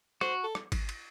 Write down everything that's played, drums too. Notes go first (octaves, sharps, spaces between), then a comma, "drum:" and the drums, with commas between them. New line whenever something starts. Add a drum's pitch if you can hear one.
F#4 C5, drum: rim click
A4
drum: rim click
drum: kick G#1, cymbal
drum: cymbal